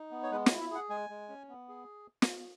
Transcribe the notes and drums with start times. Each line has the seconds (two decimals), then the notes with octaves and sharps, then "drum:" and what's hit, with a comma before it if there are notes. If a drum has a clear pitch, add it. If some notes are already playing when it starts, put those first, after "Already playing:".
Already playing: D#4
0.11 B3
0.23 C#5
0.32 G#3 B4
0.46 C#5, drum: snare
0.51 E4
0.60 E5
0.71 G#4 F#5
0.90 G#3 G#5
1.10 G#3
1.29 C#4
1.49 B3
1.69 G#4
2.22 drum: snare